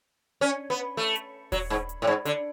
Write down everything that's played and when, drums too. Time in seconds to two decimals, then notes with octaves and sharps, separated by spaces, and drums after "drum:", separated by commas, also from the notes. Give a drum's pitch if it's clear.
0.41 C#4
0.70 B3
0.97 A3
1.15 drum: hi-hat
1.52 F#3, drum: kick D#1, open hi-hat
1.70 G#2
1.89 drum: hi-hat
2.02 A2
2.07 G#2
2.25 D3, drum: hi-hat